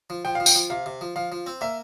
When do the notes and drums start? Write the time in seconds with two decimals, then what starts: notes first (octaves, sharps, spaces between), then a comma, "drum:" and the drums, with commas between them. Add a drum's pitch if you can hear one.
0.10 F3
0.25 F3 G5
0.35 F3 F5
0.46 G5, drum: tambourine
0.55 F3
0.70 C3 F5
0.86 C3
1.01 F3
1.16 F3 F5
1.32 F3
1.46 C4
1.61 A#3 E5